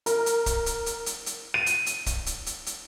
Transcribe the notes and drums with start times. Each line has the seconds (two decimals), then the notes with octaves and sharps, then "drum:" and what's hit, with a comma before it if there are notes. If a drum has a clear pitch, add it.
0.06 A#4, drum: hi-hat
0.26 drum: hi-hat
0.46 drum: kick, hi-hat
0.66 drum: hi-hat
0.86 drum: hi-hat
1.06 drum: hi-hat
1.26 drum: hi-hat
1.54 D#7
1.66 drum: hi-hat
1.86 drum: hi-hat
2.06 drum: kick, hi-hat
2.26 drum: hi-hat
2.46 drum: hi-hat
2.66 drum: hi-hat